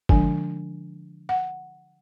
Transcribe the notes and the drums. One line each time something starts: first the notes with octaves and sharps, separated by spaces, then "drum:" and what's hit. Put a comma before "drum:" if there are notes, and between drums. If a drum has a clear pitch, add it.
D3 F3 G#3 D4 G#5, drum: kick
F#5